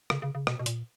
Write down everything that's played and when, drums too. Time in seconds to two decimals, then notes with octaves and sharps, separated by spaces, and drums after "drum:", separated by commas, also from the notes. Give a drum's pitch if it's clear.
0.10 C#3, drum: rim click
0.22 C#3
0.35 C#3
0.47 B2, drum: rim click
0.59 B2
0.66 A#2, drum: hi-hat